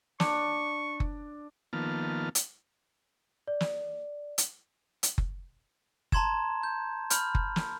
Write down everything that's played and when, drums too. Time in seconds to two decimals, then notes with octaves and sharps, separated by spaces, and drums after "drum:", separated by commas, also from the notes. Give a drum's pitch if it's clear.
0.20 D4 C#6, drum: snare
1.00 drum: kick F#1
1.73 D#3 F3 A#3 B3 A5 F6
2.35 drum: hi-hat
3.48 D5
3.60 drum: snare
4.38 drum: hi-hat
5.03 drum: hi-hat
5.18 drum: kick F#1
6.12 A5 A#5 C6 G#6 E7, drum: kick F#1
6.63 G6
7.10 B5 F6 G6, drum: hi-hat
7.35 drum: kick F#1
7.56 drum: snare